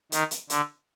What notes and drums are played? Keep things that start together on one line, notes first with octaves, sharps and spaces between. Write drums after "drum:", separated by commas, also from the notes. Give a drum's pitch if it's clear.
D#3, drum: hi-hat
drum: hi-hat
D3, drum: hi-hat